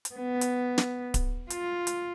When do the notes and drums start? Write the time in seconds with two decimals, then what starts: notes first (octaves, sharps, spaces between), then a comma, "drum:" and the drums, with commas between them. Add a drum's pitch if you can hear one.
0.05 drum: hi-hat
0.15 B3
0.41 drum: hi-hat
0.78 drum: snare
1.14 drum: kick D1, hi-hat
1.50 F4, drum: hi-hat
1.87 drum: hi-hat